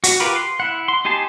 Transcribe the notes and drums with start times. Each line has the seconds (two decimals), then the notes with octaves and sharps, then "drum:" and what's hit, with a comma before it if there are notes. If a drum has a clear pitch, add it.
0.04 F#4, drum: hi-hat
0.20 F4 G4 A#4 B4
0.36 C6
0.60 E4 F#5
0.88 C6
1.05 D#4 G4 G#5 A5 C6